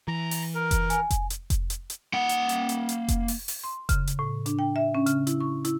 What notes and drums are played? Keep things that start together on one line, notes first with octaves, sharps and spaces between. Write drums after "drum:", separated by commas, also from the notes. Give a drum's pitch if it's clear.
E3 A#5
drum: open hi-hat
A#4
drum: kick F1, hi-hat
G#5, drum: hi-hat
drum: kick F1, hi-hat
drum: hi-hat
drum: kick F1, hi-hat
drum: hi-hat
drum: hi-hat
A#3 F#5
drum: hi-hat
drum: hi-hat
drum: hi-hat
drum: hi-hat
drum: kick F1, hi-hat
drum: open hi-hat
drum: open hi-hat
C6
C#3, drum: kick F1, hi-hat
drum: hi-hat
A2
D4, drum: hi-hat
G5
E5
C#4
C#3, drum: hi-hat
E4, drum: hi-hat
C#6
E4, drum: hi-hat